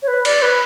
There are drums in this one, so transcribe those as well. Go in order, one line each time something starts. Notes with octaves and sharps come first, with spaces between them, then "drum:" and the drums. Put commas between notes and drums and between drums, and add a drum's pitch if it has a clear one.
C#5
B4
D5, drum: cymbal
B4